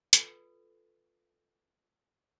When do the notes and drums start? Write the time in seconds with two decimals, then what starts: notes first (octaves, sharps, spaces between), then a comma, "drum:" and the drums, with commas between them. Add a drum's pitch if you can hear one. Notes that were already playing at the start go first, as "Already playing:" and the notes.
0.13 F4 A4 B4, drum: hi-hat